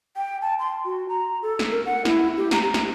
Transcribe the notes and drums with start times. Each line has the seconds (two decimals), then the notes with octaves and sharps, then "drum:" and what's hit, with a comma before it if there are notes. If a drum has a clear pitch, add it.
0.17 G5
0.42 A5
0.59 C6
0.85 F#4
1.09 A#5
1.43 A4
1.59 drum: snare
1.71 A#4
1.85 F#5
2.05 E4, drum: snare
2.37 G4
2.51 A#5, drum: snare
2.63 A#5
2.74 drum: snare